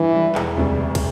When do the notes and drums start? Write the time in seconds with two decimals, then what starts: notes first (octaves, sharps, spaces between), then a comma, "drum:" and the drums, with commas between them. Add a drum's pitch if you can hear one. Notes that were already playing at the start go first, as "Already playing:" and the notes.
Already playing: G2 D3 E3 G3
0.13 D3 G3
0.35 E1, drum: clap
0.57 D2 C3 G3
0.80 E1
0.95 drum: kick, cymbal